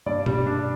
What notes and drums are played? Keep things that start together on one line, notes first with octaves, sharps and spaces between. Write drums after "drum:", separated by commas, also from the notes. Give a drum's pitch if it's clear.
G2 D5
G3, drum: tom B2
D4